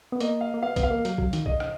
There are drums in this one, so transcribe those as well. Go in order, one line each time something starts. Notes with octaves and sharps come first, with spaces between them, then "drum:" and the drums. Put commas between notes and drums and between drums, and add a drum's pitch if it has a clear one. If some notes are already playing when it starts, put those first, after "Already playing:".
B3
A#3 D#5, drum: hi-hat
F5
A#3
B3 F5
B3, drum: kick, hi-hat
F5
A#3
F#3, drum: hi-hat
F#3, drum: kick
D#3, drum: hi-hat
D#5, drum: kick
drum: rim click